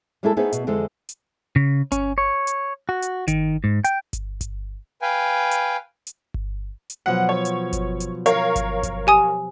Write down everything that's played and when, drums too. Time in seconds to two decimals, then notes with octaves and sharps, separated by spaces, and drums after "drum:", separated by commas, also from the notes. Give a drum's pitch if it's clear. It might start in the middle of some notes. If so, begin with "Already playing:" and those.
0.23 G3 G#3 A#3 E4 G#4 A4
0.37 A3 B3 D#4 G#4 B4 C5
0.53 B2, drum: hi-hat
0.67 F2 D3 E3 G#3 A4 C5
1.09 drum: hi-hat
1.56 C#3
1.92 C#4, drum: kick G1, hi-hat
2.18 C#5
2.47 drum: hi-hat
2.89 F#4
3.02 drum: hi-hat
3.28 D#3, drum: kick G1, hi-hat
3.64 G#2
3.84 G5, drum: hi-hat
4.13 drum: kick G1, hi-hat
4.41 drum: kick G1, hi-hat
5.02 B4 F5 G5 G#5
5.51 drum: hi-hat
6.07 drum: hi-hat
6.34 drum: kick G1
6.90 drum: hi-hat
7.06 B2 F3 F#3 F#5
7.29 C#5
7.45 drum: hi-hat
7.73 drum: kick G1, hi-hat
8.00 drum: hi-hat
8.26 A#4 C#5 F5, drum: hi-hat
8.56 drum: kick G1, hi-hat
8.83 drum: kick G1, hi-hat
9.07 G4 G#5 D#6